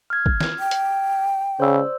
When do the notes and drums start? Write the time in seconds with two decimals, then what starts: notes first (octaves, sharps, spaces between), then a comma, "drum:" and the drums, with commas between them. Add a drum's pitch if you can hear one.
0.10 F6 G#6
0.26 drum: kick
0.40 drum: snare
0.59 G5
0.71 drum: hi-hat
1.60 C#3 C5 D5 E6